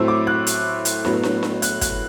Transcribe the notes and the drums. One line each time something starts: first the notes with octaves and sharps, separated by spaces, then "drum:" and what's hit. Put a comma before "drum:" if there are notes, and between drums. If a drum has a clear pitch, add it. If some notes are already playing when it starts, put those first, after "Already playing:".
Already playing: A2 F#3 A3 C4 E6
D6
F#6
drum: hi-hat
drum: hi-hat
A2 F#3 B3, drum: snare
drum: snare
drum: snare
F#6, drum: hi-hat
F#6, drum: kick, hi-hat